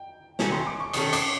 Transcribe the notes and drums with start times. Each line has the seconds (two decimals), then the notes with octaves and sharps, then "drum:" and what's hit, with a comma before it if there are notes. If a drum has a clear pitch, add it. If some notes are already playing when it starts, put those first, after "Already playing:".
Already playing: G5
0.39 D#3 F#3 A3 C#4 G#5, drum: snare
0.52 C6
0.67 D6
0.80 C#6
0.93 D#3 F#3 A3 C#4 D#6, drum: cymbal
1.13 D6, drum: cymbal